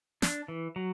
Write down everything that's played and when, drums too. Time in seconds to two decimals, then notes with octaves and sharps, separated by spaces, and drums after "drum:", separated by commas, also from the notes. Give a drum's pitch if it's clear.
0.22 D4, drum: snare
0.48 E3
0.76 F#3